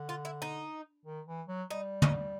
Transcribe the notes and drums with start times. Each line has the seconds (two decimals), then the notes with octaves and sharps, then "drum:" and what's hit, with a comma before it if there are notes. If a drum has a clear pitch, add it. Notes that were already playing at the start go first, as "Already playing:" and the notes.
Already playing: D3
0.09 F4
0.25 E4
0.42 D#4
1.05 D#3
1.27 E3
1.48 F#3
1.70 G3 D#4
2.02 D#4, drum: tom